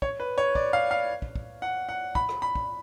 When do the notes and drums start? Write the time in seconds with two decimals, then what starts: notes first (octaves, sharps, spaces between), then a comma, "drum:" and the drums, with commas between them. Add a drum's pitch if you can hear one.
0.02 C#5, drum: kick
0.20 B4
0.38 C#5
0.55 D5, drum: kick
0.73 F5
0.91 F5
1.22 drum: kick
1.36 drum: kick
1.62 F#5
1.89 F#5
2.15 B5, drum: kick
2.29 drum: rim click
2.42 B5
2.55 drum: kick